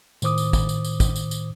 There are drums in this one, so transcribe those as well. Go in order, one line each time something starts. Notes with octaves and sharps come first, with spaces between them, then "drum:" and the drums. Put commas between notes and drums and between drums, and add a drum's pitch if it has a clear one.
A2 D#3 C5 D6 D#6, drum: tambourine
drum: tambourine
drum: kick, tambourine
drum: tambourine
drum: tambourine
drum: kick, tambourine
drum: tambourine
drum: tambourine